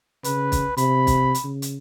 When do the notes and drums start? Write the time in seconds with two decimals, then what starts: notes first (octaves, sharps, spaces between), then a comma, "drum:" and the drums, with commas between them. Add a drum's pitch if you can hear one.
0.24 C#3 B4, drum: hi-hat
0.52 drum: kick, hi-hat
0.77 C3 B5, drum: hi-hat
1.07 drum: kick, hi-hat
1.35 drum: hi-hat
1.44 C#3
1.62 drum: hi-hat